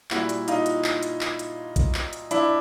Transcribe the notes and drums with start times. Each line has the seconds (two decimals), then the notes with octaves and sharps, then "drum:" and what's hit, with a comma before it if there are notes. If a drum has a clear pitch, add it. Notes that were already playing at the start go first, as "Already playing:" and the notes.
0.11 A#2 G3 E4 F#4, drum: clap
0.29 drum: hi-hat
0.48 D#4 F4, drum: hi-hat
0.66 drum: hi-hat
0.84 drum: clap
1.03 drum: hi-hat
1.21 drum: clap
1.39 drum: hi-hat
1.76 drum: kick, hi-hat
1.94 drum: clap
2.13 drum: hi-hat
2.31 D4 E4, drum: hi-hat